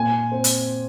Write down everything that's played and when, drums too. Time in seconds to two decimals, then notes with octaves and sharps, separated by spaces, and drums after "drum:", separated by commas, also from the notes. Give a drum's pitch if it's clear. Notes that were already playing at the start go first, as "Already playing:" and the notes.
Already playing: A#2 G#5
0.32 C4
0.44 drum: hi-hat